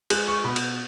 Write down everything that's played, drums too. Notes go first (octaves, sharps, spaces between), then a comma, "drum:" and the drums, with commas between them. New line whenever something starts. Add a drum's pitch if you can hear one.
G#3 F#6, drum: cymbal
C#6
B2 B5
drum: cymbal